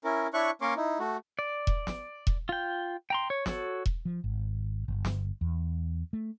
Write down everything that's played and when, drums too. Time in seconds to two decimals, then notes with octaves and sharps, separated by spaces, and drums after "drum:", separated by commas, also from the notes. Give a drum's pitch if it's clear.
0.04 C#4 E4 A#4
0.34 D4 E4 C#5 E5 C#6 F#6
0.61 A#3 C#4 A#4 C#5 C6 D6
0.76 D#4 E4
0.99 A3 F#4
1.39 D5
1.67 drum: kick E1
1.87 drum: snare
2.27 drum: kick E1
2.49 F4 G5
3.10 G5 A#5 C6
3.30 C#5
3.46 F#4 A4 C#5, drum: snare
3.86 drum: kick E1
4.05 F3
4.24 G#1
4.88 G1
5.05 drum: snare
5.41 E2
6.13 A3